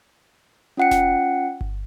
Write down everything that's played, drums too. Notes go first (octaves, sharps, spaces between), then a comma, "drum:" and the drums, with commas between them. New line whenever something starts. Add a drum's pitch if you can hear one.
C#4 F4 F#5 G5 C#7
drum: snare F1
drum: kick G1